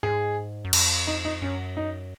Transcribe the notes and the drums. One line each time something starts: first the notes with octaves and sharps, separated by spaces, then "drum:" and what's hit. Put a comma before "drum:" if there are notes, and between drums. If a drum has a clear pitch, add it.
G#2 G#4
F#2
F2, drum: cymbal
D#4
D#4
F#2 C#4
D#4